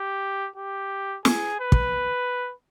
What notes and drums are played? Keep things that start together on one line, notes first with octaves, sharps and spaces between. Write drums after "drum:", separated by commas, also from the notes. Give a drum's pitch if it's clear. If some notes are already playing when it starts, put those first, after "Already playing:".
Already playing: G4
G4
G#4, drum: snare
B4
drum: kick